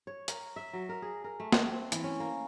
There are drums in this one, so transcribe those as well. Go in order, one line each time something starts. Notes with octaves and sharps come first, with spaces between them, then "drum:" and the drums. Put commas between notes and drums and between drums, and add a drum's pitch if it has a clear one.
C#5
A#4, drum: hi-hat
E5
F#3
A#4
G#4
A#4
A3
drum: snare
C4
E3, drum: hi-hat
C#4
A#3